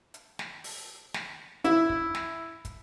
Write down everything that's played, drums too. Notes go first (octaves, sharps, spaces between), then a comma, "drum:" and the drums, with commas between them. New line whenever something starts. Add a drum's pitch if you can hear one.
drum: hi-hat
drum: snare
drum: open hi-hat
drum: snare
E4, drum: hi-hat
drum: kick
drum: snare
drum: kick, hi-hat